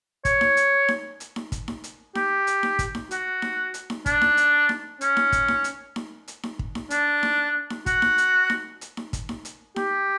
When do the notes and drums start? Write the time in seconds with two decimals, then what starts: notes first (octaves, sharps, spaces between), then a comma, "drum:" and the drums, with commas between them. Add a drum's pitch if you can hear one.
0.25 C#5, drum: kick, hi-hat
0.41 drum: snare D#4
0.57 drum: hi-hat
0.88 drum: snare D#4
1.20 drum: hi-hat
1.36 drum: snare D#4
1.52 drum: kick, hi-hat
1.68 drum: snare D#4
1.84 drum: hi-hat
2.15 G4, drum: snare D#4
2.47 drum: hi-hat
2.63 drum: snare D#4
2.79 drum: kick, hi-hat
2.95 drum: snare D#4
3.11 F#4, drum: hi-hat
3.42 drum: snare D#4
3.74 drum: hi-hat
3.90 drum: snare D#4
4.06 D4, drum: kick, hi-hat
4.21 drum: snare D#4
4.37 drum: hi-hat
4.69 drum: snare D#4
5.01 C#4, drum: hi-hat
5.17 drum: snare D#4
5.32 drum: kick, hi-hat
5.48 drum: snare D#4
5.64 drum: hi-hat
5.96 drum: snare D#4
6.28 drum: hi-hat
6.43 drum: snare D#4
6.59 drum: kick
6.75 drum: snare D#4
6.90 D4, drum: hi-hat
7.23 drum: snare D#4
7.70 drum: snare D#4
7.86 F#4, drum: kick, hi-hat
8.02 drum: snare D#4
8.18 drum: hi-hat
8.50 drum: snare D#4
8.81 drum: hi-hat
8.97 drum: snare D#4
9.13 drum: kick, hi-hat
9.29 drum: snare D#4
9.45 drum: hi-hat
9.76 G4, drum: snare D#4